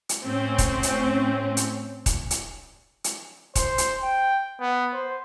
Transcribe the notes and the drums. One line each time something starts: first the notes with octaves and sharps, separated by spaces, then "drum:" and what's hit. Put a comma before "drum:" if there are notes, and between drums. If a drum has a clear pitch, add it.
drum: hi-hat
A2 C4 C#4
drum: kick D#1, hi-hat
drum: hi-hat
drum: hi-hat
drum: kick D#1, hi-hat
drum: hi-hat
drum: hi-hat
C5, drum: kick D#1, hi-hat
drum: hi-hat
G5
B3
C5